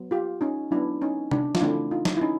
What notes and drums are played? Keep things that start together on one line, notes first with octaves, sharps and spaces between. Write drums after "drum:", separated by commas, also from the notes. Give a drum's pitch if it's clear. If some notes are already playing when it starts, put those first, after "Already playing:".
Already playing: F#3 B3
F4 G4
C#4 D#4
F#3 B3 D4 E4
C#4 D#4
D4, drum: tom C3
F4, drum: snare
C#3 E3 A3 C4 D4 E4
D#4 F4
drum: snare
E4
C#4 D#4